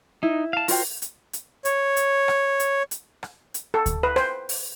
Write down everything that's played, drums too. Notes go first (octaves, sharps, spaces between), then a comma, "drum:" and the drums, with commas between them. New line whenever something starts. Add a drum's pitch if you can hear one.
D#4 E4
F5 A5
F4 F#4 A#4 C5 G5, drum: open hi-hat
drum: hi-hat
drum: hi-hat
C#5, drum: hi-hat
drum: hi-hat
drum: rim click
drum: hi-hat
drum: hi-hat
drum: rim click
drum: hi-hat
A4
drum: kick D2, hi-hat
B4
C5, drum: rim click
drum: open hi-hat